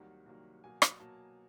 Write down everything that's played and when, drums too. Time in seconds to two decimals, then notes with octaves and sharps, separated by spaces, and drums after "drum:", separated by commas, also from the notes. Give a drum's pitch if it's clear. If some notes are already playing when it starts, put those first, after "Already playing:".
Already playing: C2 C3 D#3 F#3 A#3 F#5
0.26 C2 C3 D#3 F#3 A#3
0.64 B2 F#3 A#3 G#5
0.82 drum: rim click
1.00 B2 F#3 A#3 A5